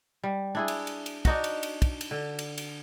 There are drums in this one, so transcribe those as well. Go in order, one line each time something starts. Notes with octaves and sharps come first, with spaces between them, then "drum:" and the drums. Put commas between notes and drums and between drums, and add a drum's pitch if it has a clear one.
G3
D4 E4 G#4
drum: cymbal
drum: cymbal
drum: cymbal
D4 D#4 F#4, drum: kick, cymbal
drum: cymbal
drum: cymbal
drum: kick, cymbal
drum: cymbal
D3
drum: cymbal
drum: cymbal